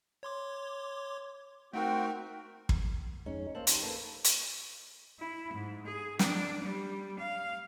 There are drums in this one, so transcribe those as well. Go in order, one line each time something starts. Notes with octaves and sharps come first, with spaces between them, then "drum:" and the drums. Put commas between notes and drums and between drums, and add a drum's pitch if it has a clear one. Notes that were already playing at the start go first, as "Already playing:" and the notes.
C#5 C6 D6
A3 C4 D#4 F#4 A#4 G5
drum: kick
F2 G#3 C#4 D#4
A#3 C4 F5 A5 F#6
F2 D#4 G4 A5 A#5 C6, drum: hi-hat
D3 A#3 A4 B4 C5 A5
drum: hi-hat
E4
G#2
G#4
D4, drum: snare
G3
F5